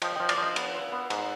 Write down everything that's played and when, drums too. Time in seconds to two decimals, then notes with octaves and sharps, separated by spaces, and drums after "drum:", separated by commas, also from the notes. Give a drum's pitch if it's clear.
0.02 F3 D#5 G5, drum: cymbal
0.16 F3 D#5 G5
0.29 D5 F5, drum: cymbal
0.38 F3 C5 D#5
0.56 B3, drum: cymbal
0.74 F4
0.92 B3
1.10 G#2, drum: cymbal